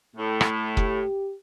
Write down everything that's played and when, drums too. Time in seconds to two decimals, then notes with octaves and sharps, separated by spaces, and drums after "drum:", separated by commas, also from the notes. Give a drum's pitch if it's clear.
0.16 A2
0.41 drum: rim click
0.77 G4, drum: kick